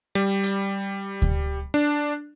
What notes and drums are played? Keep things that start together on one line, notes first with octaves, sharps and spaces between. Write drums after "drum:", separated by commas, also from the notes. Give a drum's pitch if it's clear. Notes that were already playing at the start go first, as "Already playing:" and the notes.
G3
drum: hi-hat
drum: kick D2
D4